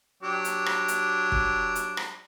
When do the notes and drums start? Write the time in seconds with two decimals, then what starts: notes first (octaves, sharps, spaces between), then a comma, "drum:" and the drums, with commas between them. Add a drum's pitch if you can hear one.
0.23 F#3 D4 G4
0.45 drum: hi-hat
0.66 drum: rim click
0.88 drum: hi-hat
1.32 drum: kick
1.75 drum: hi-hat
1.97 drum: rim click